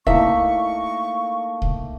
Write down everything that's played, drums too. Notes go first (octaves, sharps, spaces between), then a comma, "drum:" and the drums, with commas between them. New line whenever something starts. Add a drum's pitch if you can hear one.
A3 A#3 D#4 E4 E5 F5 C#6, drum: kick C2
drum: kick C2